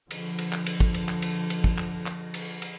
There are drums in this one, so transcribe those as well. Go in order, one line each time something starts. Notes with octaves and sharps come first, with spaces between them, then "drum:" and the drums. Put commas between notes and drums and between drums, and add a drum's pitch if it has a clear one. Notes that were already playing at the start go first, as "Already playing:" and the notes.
D3 F3, drum: cymbal
drum: cymbal
drum: clap
drum: cymbal
drum: kick
drum: cymbal
drum: clap
drum: cymbal
drum: cymbal
drum: kick
drum: clap
drum: clap
drum: cymbal
drum: cymbal